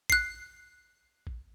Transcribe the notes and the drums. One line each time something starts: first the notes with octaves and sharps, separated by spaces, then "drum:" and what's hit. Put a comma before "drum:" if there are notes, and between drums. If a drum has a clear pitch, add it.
F#6 C7, drum: kick A1
drum: kick A1